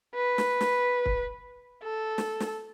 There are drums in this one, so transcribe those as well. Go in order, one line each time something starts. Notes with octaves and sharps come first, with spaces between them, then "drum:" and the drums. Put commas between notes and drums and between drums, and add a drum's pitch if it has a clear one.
B4
drum: snare
drum: snare
drum: kick
A4
drum: snare
drum: snare